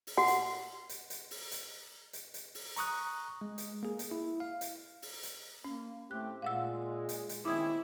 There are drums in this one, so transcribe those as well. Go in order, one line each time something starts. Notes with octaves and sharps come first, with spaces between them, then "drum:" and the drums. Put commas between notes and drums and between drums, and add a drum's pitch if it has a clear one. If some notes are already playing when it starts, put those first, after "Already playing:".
drum: open hi-hat
F#4 F#5
drum: hi-hat
drum: hi-hat
drum: hi-hat
drum: open hi-hat
drum: hi-hat
drum: hi-hat
drum: hi-hat
drum: open hi-hat
A#5 C#6 D#6 F#6, drum: hi-hat
G#3
drum: hi-hat
A#3 G#4
drum: hi-hat
E4
F5
drum: hi-hat
drum: open hi-hat
drum: hi-hat
A#3 C#4
A2 A3 C4 G4 F#6
A#2 G#3 F5 F#5 E6
drum: hi-hat
drum: hi-hat
D#3 G#3 C4 C#4 E4 D6 D#6 G#6